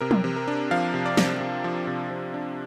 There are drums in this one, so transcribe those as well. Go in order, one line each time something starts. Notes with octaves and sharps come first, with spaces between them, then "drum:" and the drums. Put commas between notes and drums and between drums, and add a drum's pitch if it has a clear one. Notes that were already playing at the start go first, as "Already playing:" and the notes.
C3 A#4
drum: tom
C3
A#4
D4
F3 F5
C3
D5
C3, drum: snare
C3
F3
C3
F3
D4